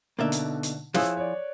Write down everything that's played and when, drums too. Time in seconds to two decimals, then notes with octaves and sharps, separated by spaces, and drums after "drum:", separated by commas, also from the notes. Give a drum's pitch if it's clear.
0.19 B2 D3 A#3 D#4 D5 E5
0.32 drum: hi-hat
0.63 drum: hi-hat
0.94 F3 E4 G#4 C#5 E6 F#6, drum: snare
1.17 C#5 D5